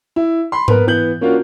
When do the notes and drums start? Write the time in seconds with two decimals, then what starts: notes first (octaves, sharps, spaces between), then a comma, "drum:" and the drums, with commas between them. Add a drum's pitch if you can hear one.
0.16 E4
0.52 B5 C6
0.68 B3 A#4 B4, drum: tom G#2
0.87 E3 B3 G6 F#7
1.21 A#3 C#4 D4 F4 F#4 A#4